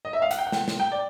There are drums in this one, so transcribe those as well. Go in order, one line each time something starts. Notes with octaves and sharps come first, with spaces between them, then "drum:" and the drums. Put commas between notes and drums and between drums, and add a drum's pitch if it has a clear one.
D#5
E5
F5
F#5, drum: hi-hat
G5
F#5
G5, drum: snare
drum: snare
G5
D5